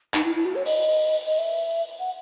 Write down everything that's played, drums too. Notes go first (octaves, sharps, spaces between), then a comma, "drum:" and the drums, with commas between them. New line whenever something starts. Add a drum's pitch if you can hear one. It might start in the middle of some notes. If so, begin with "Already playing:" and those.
D#4, drum: clap
E4
E4
F#4
C#5
D#5, drum: open hi-hat
D#5
E5
F#5